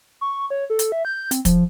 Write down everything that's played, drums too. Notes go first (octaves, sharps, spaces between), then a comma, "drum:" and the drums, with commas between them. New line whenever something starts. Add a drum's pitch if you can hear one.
C#6
C#5
A4
drum: hi-hat
E5
G6
C4, drum: hi-hat
F3, drum: kick, hi-hat